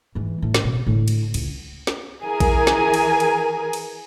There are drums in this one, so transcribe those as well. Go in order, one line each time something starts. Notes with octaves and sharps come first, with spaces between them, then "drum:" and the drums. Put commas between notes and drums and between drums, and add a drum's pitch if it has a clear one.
G#2 E3
A2
drum: snare
B2 C4
A2 D3
drum: cymbal
C#2, drum: cymbal
drum: snare
E3 G#4 A#4 G#5
drum: kick A#1, cymbal
drum: snare
drum: cymbal
drum: cymbal
drum: cymbal